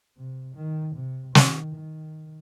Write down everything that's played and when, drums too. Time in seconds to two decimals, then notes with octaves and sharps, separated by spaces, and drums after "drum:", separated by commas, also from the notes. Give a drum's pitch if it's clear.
0.17 C3
0.56 D#3
0.96 C3
1.35 D#3, drum: snare
1.75 D#3